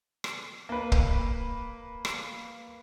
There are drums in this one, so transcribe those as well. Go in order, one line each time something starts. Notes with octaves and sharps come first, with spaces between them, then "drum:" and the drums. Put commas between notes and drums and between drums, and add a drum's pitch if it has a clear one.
drum: rim click
A#3 B4
drum: kick
drum: rim click